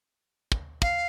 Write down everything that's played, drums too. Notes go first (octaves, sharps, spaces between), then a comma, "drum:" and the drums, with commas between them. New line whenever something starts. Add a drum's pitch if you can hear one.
drum: kick
F5, drum: kick